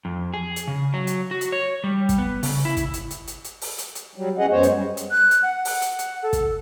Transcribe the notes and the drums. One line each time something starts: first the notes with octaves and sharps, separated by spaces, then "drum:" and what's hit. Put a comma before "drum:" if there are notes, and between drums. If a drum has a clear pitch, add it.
F2
G#4
drum: hi-hat
C#3
F#3
drum: hi-hat
F#4
drum: hi-hat
C#5
G3
drum: kick, hi-hat
B3
C#3, drum: open hi-hat
E4
drum: kick, hi-hat
drum: hi-hat
drum: hi-hat
drum: hi-hat
drum: hi-hat
drum: open hi-hat
drum: hi-hat
drum: hi-hat
F#3 G3
E3 C#4 G#4 D#5 F#5
F#2 G#3 B3 C5 C#5
drum: hi-hat
G3
drum: hi-hat
F#6
drum: hi-hat
F#5
drum: open hi-hat
drum: hi-hat
drum: hi-hat
A4
drum: kick, hi-hat